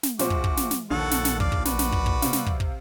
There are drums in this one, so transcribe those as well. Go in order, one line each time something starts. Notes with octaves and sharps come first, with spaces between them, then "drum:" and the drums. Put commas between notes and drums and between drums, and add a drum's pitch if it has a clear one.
drum: snare
A#1 F4 F#4 C5 D6, drum: snare
drum: kick
drum: kick
drum: snare
drum: snare
A#1 D#2 A4 F#5 C#6
drum: snare
drum: snare
D5 F5, drum: kick
drum: kick
F#4 B4 D5, drum: snare
drum: snare
drum: kick
drum: kick
C3 F5, drum: snare
drum: snare
drum: kick
drum: kick